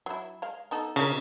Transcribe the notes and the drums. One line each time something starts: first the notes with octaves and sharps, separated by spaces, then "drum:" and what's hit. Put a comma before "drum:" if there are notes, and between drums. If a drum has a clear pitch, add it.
F#3 E4
G#3 F5
B3 D#4 A4
C#3 D4 A#4, drum: cymbal